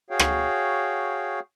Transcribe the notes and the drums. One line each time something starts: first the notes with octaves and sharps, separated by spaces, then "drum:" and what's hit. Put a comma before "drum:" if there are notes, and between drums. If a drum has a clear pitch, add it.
F#4 G#4 C#5 F5 G5
drum: rim click